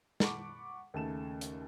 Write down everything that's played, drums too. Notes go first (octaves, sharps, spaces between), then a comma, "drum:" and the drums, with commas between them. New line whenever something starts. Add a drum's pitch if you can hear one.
F#5 A5 B5 C#6 D6, drum: snare
D#2 C#3 A3 A5 E7
drum: hi-hat